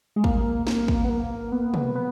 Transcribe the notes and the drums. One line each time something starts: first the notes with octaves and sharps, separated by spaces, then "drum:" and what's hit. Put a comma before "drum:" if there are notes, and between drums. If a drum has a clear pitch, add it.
G#3
A#3, drum: kick
A#3, drum: snare
drum: kick
B3
A#3
B3
drum: tom
B3